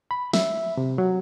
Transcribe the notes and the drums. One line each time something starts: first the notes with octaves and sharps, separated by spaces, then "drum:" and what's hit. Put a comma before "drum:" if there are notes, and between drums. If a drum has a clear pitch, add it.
B5
E5, drum: snare
C3
F#3